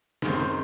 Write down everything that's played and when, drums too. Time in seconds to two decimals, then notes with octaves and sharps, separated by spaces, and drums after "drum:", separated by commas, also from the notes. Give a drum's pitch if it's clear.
0.22 F#2 D#3 G#3 C4, drum: snare